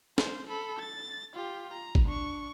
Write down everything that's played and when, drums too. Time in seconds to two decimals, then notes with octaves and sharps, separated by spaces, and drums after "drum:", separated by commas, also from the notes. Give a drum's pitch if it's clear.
0.18 C5, drum: snare
0.48 A4 B5
0.80 A6
1.34 F4 G4
1.73 A#5
1.95 drum: kick G#1
2.05 D4 C#6